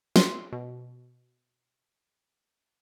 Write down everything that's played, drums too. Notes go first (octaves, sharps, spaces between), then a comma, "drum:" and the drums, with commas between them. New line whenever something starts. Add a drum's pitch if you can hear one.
C6, drum: snare
B2